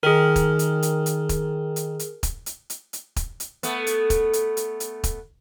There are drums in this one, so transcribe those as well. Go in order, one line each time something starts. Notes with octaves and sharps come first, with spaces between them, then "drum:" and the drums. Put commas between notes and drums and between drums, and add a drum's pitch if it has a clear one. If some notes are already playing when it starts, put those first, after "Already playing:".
D#3 G#4 A#4
drum: kick, hi-hat
drum: hi-hat
drum: hi-hat
drum: hi-hat
drum: kick, hi-hat
drum: hi-hat
drum: hi-hat
drum: kick, hi-hat
drum: hi-hat
drum: hi-hat
drum: hi-hat
drum: kick, hi-hat
drum: hi-hat
A3 B3, drum: hi-hat
drum: hi-hat
drum: kick, hi-hat
drum: hi-hat
drum: hi-hat
drum: hi-hat
drum: kick, hi-hat